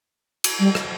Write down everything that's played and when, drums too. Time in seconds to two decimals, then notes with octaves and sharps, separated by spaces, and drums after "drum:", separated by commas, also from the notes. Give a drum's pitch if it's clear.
0.44 drum: cymbal
0.59 G3
0.75 drum: rim click